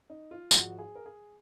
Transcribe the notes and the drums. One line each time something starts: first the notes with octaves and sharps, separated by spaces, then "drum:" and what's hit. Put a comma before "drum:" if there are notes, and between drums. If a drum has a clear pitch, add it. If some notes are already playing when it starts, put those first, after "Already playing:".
D#4
F4
G#1 G#2 F3 F#4, drum: tambourine
G#4
A#4
G#4